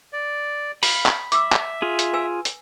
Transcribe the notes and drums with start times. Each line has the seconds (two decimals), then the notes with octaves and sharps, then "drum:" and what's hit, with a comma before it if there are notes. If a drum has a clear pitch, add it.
0.13 D5
0.83 F5 B5, drum: open hi-hat
1.06 drum: clap
1.32 E5 D6 E6, drum: hi-hat
1.52 drum: clap
1.82 F4 G#4
1.99 drum: hi-hat
2.13 B4 G#5 E6
2.45 drum: hi-hat